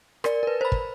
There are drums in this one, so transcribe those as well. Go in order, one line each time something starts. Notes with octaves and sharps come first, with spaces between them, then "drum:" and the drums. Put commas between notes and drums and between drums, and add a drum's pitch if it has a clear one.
A#4 D5, drum: rim click
A#4 B4
C5 B5
drum: kick